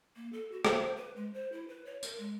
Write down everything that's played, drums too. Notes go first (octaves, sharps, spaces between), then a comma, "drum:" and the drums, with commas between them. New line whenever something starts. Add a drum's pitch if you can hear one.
A#3
A4
F#4
C5, drum: rim click
B4
G#3
C5
E4
B4
C#5
A#4, drum: tambourine
G#3